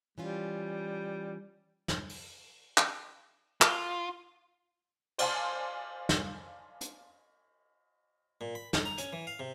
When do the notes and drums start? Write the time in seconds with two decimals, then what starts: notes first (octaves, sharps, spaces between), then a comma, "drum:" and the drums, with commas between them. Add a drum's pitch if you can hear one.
0.18 E3 G3 C#4 F4
1.88 drum: snare
2.09 drum: open hi-hat
2.78 drum: clap
3.62 F4, drum: clap
5.18 C5 D5 F5 G#5 A5 C6, drum: cymbal
6.09 drum: snare
6.81 drum: hi-hat
8.41 A#2
8.55 B5
8.73 A4, drum: snare
8.85 A#5
8.98 C#4, drum: hi-hat
9.13 E3
9.27 F5
9.40 C3